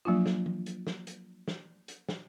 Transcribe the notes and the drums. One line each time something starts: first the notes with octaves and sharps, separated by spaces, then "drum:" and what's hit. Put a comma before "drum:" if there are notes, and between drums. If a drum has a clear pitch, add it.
F3 F#3 A#3 D4 F4
drum: snare
drum: tom E3
drum: hi-hat
drum: snare
drum: hi-hat
drum: snare
drum: hi-hat
drum: snare